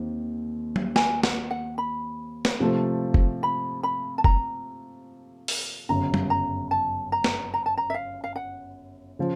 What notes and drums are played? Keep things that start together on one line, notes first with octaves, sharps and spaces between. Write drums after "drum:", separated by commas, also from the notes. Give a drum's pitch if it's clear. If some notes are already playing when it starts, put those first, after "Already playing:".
Already playing: D#2 D#3 C4
drum: tom F#3
G#5, drum: snare
F#5, drum: snare
F#5
B5
drum: snare
C3 F3 A3
drum: kick F#1
B5
B5
A5
A#5, drum: kick F#1
drum: open hi-hat
G1 F#2 C#3 A#5
drum: tom F#3
A#5
A5
A#5
drum: snare
A#5
A5
A#5
E5
F5
F5
F#5
C#3 F3